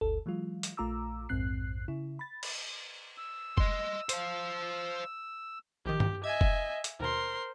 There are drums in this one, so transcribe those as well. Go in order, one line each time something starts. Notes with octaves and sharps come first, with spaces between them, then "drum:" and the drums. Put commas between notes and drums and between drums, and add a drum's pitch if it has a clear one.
G1 D2 A4
E3 F#3 G#3 F4
drum: hi-hat
A#1 A3 F4 A#5 D6 E6
A#1 F2 G#2 C4 F#6 C7
C#3 E4
B5 A6
drum: cymbal
E6
D#5 C6, drum: kick F1
C5 F5, drum: hi-hat
A#1 D#3 G4
drum: tom G2
D#5 E5 G#5 G#6
drum: kick F1
drum: hi-hat
D#2 B2 A#4 C5 C6